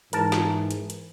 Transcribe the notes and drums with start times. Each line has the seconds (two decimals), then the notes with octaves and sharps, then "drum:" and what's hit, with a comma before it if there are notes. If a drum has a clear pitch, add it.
0.13 G#2 E3 A#4 A5, drum: hi-hat
0.32 drum: snare
0.71 drum: hi-hat
0.90 drum: hi-hat